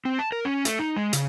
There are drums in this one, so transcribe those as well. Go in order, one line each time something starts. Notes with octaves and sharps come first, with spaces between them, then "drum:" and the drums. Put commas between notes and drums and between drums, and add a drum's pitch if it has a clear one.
C4
A5
A#4
C#4
A3, drum: hi-hat
D#4
G#3
C#3, drum: hi-hat